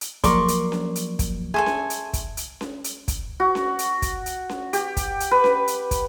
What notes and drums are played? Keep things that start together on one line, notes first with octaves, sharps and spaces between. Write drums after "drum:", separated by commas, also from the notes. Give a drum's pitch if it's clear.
drum: hi-hat
F3 F#3 A#3 A#4 D5 C6 C#6, drum: kick, hi-hat
drum: hi-hat
drum: snare C#4
drum: hi-hat
drum: kick, hi-hat
G#4 A4 E5 G#5 C6 C#6
drum: snare C#4
drum: hi-hat
drum: kick, hi-hat
drum: hi-hat
drum: snare C#4
drum: hi-hat
drum: kick, hi-hat
F#4
drum: snare C#4
drum: hi-hat
drum: kick, hi-hat
drum: hi-hat
drum: snare C#4
G4, drum: hi-hat
drum: kick, hi-hat
drum: hi-hat
B4
drum: snare C#4
drum: hi-hat
drum: kick, hi-hat